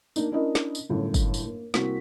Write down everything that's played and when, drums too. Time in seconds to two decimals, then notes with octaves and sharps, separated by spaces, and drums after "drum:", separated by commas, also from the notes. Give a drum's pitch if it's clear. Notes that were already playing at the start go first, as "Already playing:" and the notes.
0.16 A#3 D4 D#4, drum: tambourine
0.32 C#4 D4 E4 A#4 D#5
0.55 drum: snare
0.75 drum: tambourine
0.89 G1 F#2 A2
1.14 drum: kick, tambourine
1.34 drum: tambourine
1.46 A#3
1.74 C2 A#3 C4 F#4 B6, drum: snare